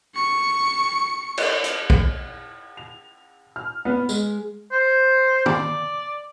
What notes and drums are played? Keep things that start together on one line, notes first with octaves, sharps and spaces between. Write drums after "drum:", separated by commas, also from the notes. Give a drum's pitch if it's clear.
C#6 C#7
drum: cymbal
drum: hi-hat
drum: kick A#1
F7
F6
B3
G#3, drum: tambourine
C5
D5, drum: tom